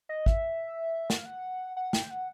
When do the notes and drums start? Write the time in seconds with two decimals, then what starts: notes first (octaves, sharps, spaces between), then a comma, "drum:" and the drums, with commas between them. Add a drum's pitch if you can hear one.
0.09 D#5
0.26 E5, drum: kick
1.10 F#5, drum: snare
1.18 F5
1.25 F#5
1.77 F#5
1.93 G5, drum: snare
2.11 F#5